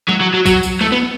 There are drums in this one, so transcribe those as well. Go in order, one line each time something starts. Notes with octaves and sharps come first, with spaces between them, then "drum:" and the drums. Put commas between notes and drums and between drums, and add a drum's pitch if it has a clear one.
F#3, drum: tom G#3
F#3
F#3
F#3, drum: kick, tambourine
drum: tambourine
A3, drum: tom G#3
B3